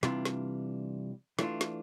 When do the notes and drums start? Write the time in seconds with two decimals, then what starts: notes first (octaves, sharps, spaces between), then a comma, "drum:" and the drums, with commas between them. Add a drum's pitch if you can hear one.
0.03 C3 E3 G3 D4 F4, drum: snare
0.25 drum: snare
1.39 E3 A3 D4 F4, drum: snare
1.61 drum: snare